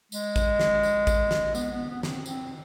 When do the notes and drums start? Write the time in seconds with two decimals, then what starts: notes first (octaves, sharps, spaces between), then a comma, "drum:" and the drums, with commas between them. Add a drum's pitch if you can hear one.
0.12 G#3, drum: tambourine
0.36 drum: kick A1, tambourine
0.60 drum: snare
0.83 drum: tambourine
1.07 drum: kick A1, tambourine
1.31 drum: snare
1.55 B3, drum: tambourine
1.72 B3
1.90 B3
2.03 B3, drum: snare
2.08 C4
2.26 C4, drum: tambourine